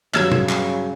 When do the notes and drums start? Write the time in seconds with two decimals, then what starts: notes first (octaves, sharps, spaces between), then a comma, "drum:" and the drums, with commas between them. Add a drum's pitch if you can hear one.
0.14 G2 C#3 F#3 E6 G#6, drum: clap
0.32 drum: tom
0.49 drum: clap